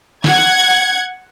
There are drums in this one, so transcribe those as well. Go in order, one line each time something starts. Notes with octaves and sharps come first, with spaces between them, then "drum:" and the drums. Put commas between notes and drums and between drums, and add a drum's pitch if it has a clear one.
F#5 G#6, drum: snare